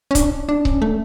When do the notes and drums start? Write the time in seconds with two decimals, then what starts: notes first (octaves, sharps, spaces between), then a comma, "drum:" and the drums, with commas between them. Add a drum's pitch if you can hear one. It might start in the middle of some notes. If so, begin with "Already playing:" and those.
0.11 C#4
0.15 D4, drum: kick C#1, hi-hat
0.49 D4
0.65 C#4, drum: kick C#1
0.82 A3